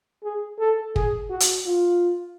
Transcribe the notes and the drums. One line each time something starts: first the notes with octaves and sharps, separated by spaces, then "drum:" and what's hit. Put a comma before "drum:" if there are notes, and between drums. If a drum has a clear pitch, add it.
G#4
A4
G#4, drum: kick
F#4
drum: hi-hat
F4